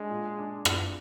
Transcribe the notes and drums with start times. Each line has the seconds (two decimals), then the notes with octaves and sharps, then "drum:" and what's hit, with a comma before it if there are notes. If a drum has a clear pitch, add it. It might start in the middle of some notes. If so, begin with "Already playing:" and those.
Already playing: G#3 D4
0.10 A#2
0.38 D4
0.65 A#2, drum: rim click